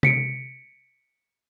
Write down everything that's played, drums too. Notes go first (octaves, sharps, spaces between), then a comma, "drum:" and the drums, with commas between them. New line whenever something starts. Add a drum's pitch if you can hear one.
B6 C#7 D7, drum: tom C3